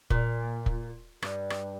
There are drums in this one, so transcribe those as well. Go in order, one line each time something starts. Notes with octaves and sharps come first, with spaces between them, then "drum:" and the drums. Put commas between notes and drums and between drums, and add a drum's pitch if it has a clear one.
A#2, drum: kick
drum: kick
G2, drum: rim click
drum: rim click